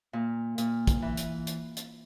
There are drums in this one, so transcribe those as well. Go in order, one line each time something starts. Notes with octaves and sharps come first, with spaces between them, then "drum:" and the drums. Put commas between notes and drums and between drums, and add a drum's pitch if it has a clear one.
A#2
A#2, drum: hi-hat
drum: kick, hi-hat
E3
drum: hi-hat
drum: hi-hat
drum: hi-hat